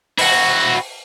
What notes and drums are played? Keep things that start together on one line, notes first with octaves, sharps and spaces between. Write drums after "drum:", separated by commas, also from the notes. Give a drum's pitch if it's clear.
E4 F#4, drum: open hi-hat